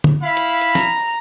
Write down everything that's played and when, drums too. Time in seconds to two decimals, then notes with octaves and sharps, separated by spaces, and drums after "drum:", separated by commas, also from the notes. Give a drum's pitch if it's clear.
0.04 drum: tom D3
0.23 E4 F5 B5
0.37 drum: hi-hat
0.61 drum: hi-hat
0.75 A#5, drum: snare